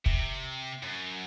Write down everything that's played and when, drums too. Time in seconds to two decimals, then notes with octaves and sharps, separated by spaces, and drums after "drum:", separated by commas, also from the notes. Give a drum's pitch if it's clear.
0.06 C3, drum: kick
0.83 F#2